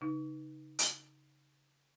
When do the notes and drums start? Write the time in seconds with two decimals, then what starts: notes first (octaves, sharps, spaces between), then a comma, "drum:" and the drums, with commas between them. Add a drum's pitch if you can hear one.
0.01 C#3 D#4
0.79 drum: hi-hat